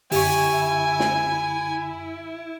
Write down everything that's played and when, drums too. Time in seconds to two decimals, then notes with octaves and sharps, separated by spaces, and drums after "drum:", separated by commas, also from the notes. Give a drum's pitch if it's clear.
0.12 F#2 D3 E4 G4 G5 G#5 C#6, drum: open hi-hat
1.00 drum: snare